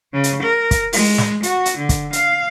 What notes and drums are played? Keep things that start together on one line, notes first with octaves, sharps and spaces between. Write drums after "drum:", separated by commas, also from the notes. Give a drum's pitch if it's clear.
C#3
drum: hi-hat
A#4
drum: kick, hi-hat
G#3, drum: open hi-hat
drum: snare
F#4, drum: hi-hat
drum: hi-hat
D3
drum: kick, hi-hat
F5, drum: hi-hat